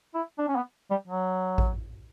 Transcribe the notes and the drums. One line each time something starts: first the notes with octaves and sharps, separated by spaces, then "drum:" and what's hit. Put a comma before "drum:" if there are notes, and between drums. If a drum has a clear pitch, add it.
E4
D4
C#4
B3
G3
F#3
drum: kick A1